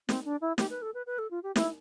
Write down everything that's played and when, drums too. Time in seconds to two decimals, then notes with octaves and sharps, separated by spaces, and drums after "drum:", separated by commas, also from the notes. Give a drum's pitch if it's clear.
0.09 C4, drum: snare
0.25 D4
0.41 E4
0.58 G4, drum: snare
0.70 B4
0.82 A4
0.94 B4
1.07 B4
1.19 A4
1.31 F4
1.43 G4
1.56 E4, drum: snare